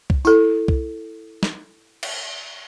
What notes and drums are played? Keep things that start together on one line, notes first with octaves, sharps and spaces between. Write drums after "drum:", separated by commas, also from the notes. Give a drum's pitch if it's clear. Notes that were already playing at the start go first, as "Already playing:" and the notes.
drum: kick C2
E4 A4, drum: tambourine
drum: kick C2
drum: snare
drum: cymbal